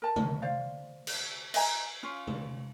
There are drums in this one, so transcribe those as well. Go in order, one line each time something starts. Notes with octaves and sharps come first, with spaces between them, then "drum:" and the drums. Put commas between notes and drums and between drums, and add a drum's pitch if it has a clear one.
A#4 A5
drum: tom C3
C5 D5 F5
drum: cymbal
D#5 E5 G#5 A#5, drum: cymbal
C#4 F4
drum: tom C3